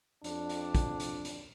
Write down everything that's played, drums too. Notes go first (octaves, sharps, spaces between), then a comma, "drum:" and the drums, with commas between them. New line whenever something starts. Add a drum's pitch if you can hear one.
F2 D4, drum: hi-hat
drum: hi-hat
drum: kick, hi-hat
drum: hi-hat
drum: hi-hat